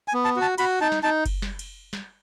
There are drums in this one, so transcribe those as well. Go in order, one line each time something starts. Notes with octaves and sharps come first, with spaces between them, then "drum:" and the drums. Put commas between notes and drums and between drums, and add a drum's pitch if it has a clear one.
G#5
B3
A5
F#4
A5
F#4 B5, drum: cymbal
D#4 A5
drum: snare
D#4 A5
drum: kick F#1, cymbal
drum: snare
drum: cymbal
drum: snare